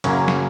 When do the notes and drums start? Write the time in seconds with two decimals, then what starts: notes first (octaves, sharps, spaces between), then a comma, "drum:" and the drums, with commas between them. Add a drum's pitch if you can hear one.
0.04 F#2 C#3 F#3 A#3 C#4, drum: cymbal
0.28 drum: snare